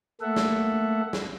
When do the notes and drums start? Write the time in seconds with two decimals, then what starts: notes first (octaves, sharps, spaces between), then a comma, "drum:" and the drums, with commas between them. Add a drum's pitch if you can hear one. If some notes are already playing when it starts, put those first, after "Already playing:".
0.21 A3 A#3 A4 E5 F#5
0.36 drum: snare
1.13 drum: snare